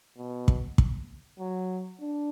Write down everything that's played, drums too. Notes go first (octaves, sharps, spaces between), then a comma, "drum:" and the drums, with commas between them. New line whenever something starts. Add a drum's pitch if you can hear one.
B2
drum: kick
drum: kick
F#3
D4